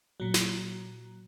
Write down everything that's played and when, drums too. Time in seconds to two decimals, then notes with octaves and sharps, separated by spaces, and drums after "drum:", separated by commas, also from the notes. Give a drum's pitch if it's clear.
0.20 A#2 F#3
0.34 drum: snare